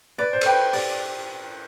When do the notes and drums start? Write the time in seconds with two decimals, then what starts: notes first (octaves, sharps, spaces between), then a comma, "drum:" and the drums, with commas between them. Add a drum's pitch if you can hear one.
0.18 B4 D5
0.33 C5
0.41 A4, drum: cymbal
0.46 B4 G5 B5 D6
0.73 G4 D5, drum: open hi-hat